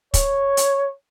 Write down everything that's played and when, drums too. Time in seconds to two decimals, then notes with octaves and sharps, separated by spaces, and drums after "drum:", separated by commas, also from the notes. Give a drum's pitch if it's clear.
0.14 C#5, drum: kick, hi-hat
0.57 drum: hi-hat